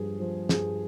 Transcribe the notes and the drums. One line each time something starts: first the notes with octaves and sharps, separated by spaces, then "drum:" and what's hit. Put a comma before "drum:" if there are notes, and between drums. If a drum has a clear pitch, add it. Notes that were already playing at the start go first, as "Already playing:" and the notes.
Already playing: G2 F3 G#4
F3
G2 G#4, drum: snare